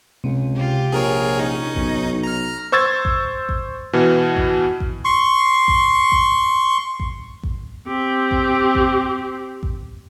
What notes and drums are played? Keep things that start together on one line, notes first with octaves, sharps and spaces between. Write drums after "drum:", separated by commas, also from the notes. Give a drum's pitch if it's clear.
C#2 C3
F4 G4
A#1 G#4 A#4 C#5
C#4 D#4
B1, drum: kick A1
A#5 F6
C5 C#6 E6 G#6 A6
drum: kick A1
drum: kick A1
B2 E3
drum: kick A1
drum: kick A1
C6 C#6
drum: kick A1
drum: kick A1
drum: kick A1
drum: kick A1
C4 G4
drum: kick A1
drum: kick A1
drum: kick A1